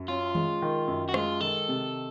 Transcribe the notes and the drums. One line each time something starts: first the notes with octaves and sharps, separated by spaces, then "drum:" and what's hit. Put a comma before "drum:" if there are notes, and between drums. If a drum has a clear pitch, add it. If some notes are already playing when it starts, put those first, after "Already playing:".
Already playing: F#2
C#4 F4
G#3, drum: tom D#3
D#3
F#2
F#4
G#3 F4, drum: rim click
D#3 A4
C3